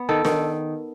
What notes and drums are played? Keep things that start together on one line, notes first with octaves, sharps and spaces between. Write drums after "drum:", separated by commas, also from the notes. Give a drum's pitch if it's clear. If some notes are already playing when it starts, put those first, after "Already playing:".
Already playing: B3
D#3 A4
D#3, drum: snare